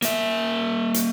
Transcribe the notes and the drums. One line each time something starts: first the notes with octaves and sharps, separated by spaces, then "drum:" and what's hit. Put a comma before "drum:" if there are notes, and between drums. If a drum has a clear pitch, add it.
A#3 E5, drum: hi-hat
drum: hi-hat